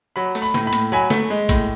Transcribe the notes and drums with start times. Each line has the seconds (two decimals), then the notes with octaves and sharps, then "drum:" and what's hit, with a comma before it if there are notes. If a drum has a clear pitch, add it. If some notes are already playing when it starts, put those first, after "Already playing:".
0.16 F#3 B5
0.35 A3, drum: open hi-hat
0.42 B5
0.54 A2, drum: snare
0.67 B5
0.73 A2, drum: hi-hat
0.92 F#3 G#5 B5
1.10 A3, drum: snare
1.30 G#3
1.49 A2, drum: kick A1, hi-hat